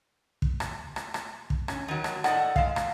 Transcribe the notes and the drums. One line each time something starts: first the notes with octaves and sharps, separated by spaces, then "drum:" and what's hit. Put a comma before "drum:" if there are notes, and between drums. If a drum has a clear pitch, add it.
drum: kick
drum: rim click
drum: rim click
drum: rim click
drum: kick
C#4, drum: rim click
D#3 F#3
drum: rim click
A2 D5 D#5 F#5, drum: rim click
G#3 F5, drum: kick
drum: rim click